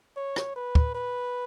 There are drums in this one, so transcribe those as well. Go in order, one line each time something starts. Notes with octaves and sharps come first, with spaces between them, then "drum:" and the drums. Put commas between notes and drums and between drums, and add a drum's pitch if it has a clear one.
C#5
drum: rim click
B4
drum: kick
B4